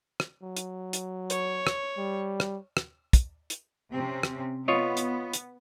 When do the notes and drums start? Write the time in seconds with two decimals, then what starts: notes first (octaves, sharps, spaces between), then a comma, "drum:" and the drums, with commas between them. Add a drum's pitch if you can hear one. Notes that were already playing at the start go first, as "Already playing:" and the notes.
0.20 drum: rim click
0.42 F#3
0.57 drum: hi-hat
0.93 drum: hi-hat
1.30 C#5, drum: hi-hat
1.67 drum: rim click
1.98 G3
2.40 drum: rim click
2.77 drum: rim click
3.13 drum: kick, hi-hat
3.50 drum: hi-hat
3.92 C3 C4 C#4
4.23 drum: rim click
4.68 B3 F4 C#5 D#5
4.97 drum: hi-hat
5.33 drum: hi-hat